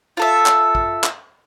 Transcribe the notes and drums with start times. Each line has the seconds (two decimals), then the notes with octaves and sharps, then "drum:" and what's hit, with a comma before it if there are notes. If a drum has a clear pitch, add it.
0.17 F4 A4 E5
0.46 drum: clap
0.75 drum: kick
1.04 drum: clap